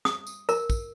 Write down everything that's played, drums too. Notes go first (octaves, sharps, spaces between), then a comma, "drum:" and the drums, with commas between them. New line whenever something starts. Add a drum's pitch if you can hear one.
D#6, drum: snare
drum: tambourine
A#4, drum: tambourine
drum: kick, tambourine